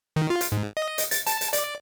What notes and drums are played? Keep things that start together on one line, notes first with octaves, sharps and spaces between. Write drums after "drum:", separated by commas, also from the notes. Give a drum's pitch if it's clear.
D#3
F4
drum: hi-hat
G#2
D#5
drum: hi-hat
A6, drum: hi-hat
A5, drum: hi-hat
drum: hi-hat
D5, drum: hi-hat